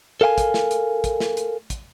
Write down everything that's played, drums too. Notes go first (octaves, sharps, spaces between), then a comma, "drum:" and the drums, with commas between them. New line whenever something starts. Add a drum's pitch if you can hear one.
A4 A#4 F5 G5 G#5
drum: kick, hi-hat
drum: snare
drum: hi-hat
drum: kick, hi-hat
drum: snare
drum: hi-hat
drum: kick, hi-hat